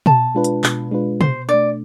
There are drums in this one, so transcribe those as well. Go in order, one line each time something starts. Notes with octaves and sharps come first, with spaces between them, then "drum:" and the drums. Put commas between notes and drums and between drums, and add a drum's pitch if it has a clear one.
B2 A5, drum: tom
G#3 D4 F4 B4
drum: hi-hat
B2, drum: clap
G#3 D4 F4 B4
B2 C5, drum: tom
D4 D5
A3